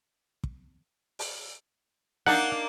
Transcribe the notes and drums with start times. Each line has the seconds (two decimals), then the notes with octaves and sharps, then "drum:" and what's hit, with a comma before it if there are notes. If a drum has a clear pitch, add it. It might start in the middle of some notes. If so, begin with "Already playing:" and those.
0.44 drum: kick
1.19 drum: open hi-hat
2.26 A#3 D4 D#4 F#5, drum: snare